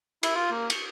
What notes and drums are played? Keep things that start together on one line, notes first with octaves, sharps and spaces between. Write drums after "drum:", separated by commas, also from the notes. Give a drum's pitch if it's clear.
E4, drum: cymbal
F4
A#3
C#6, drum: cymbal